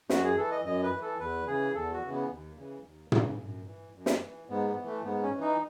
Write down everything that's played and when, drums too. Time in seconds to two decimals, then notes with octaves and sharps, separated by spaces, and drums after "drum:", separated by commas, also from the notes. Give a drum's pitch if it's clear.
0.09 F#2 F#4, drum: snare
0.24 G#4
0.37 E3 A4
0.51 D#5
0.64 F#2 D#5
0.83 B4
0.92 E3
1.02 A4
1.19 E2 B4
1.47 C#3 E3 G#4
1.75 E2 A4
1.93 F#4
2.02 C#3 E3
2.11 B3
2.30 D#2
2.57 C#3 E3
2.84 D#2
3.12 C#3 E3, drum: tom
3.39 F#2
3.67 E3
3.95 F#2
4.06 drum: snare
4.22 E3
4.49 G#2 B3
4.67 B3
4.76 E3
4.86 A3
5.04 G#2 B3
5.22 C#4
5.31 E3
5.41 D#4